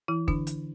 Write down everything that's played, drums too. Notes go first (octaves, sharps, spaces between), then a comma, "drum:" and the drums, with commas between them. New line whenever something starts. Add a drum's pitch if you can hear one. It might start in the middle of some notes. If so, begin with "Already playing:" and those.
E3 E4
D3 D4, drum: kick
drum: hi-hat